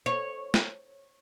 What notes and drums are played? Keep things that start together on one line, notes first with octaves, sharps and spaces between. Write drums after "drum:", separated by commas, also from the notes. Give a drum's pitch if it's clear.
C#5
drum: snare